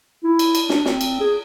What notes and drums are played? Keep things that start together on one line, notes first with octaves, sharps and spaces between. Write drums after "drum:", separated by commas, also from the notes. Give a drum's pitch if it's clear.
E4
drum: cymbal
drum: cymbal
D4, drum: snare
C4, drum: snare
drum: cymbal
G#4